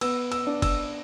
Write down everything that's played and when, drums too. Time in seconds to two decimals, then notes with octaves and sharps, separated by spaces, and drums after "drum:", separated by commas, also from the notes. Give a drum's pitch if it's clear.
0.01 B3 E6, drum: cymbal
0.32 E6, drum: cymbal
0.47 D4
0.62 E6, drum: kick, cymbal